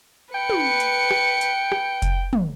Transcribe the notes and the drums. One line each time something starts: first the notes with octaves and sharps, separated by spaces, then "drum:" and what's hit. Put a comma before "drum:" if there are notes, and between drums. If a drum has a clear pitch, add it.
B4 G5 C#7
drum: tom
drum: hi-hat
drum: rim click
drum: hi-hat
drum: rim click
drum: kick F1, hi-hat
drum: tom